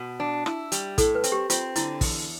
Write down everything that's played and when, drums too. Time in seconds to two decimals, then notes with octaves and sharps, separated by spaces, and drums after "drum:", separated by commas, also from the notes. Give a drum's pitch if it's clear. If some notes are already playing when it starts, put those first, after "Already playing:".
Already playing: B2
0.20 D4
0.46 E4, drum: rim click
0.72 G3, drum: hi-hat
0.98 A2 A4, drum: kick, hi-hat
1.15 B4
1.24 C4, drum: hi-hat
1.32 G4
1.50 C4 F4, drum: hi-hat
1.76 D3 E4, drum: hi-hat
2.01 E2, drum: kick, open hi-hat